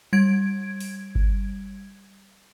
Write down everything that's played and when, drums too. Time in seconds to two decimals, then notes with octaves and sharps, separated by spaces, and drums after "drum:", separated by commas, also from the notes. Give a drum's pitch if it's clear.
0.13 G3 G#6 D7
0.80 drum: open hi-hat
1.15 drum: kick G1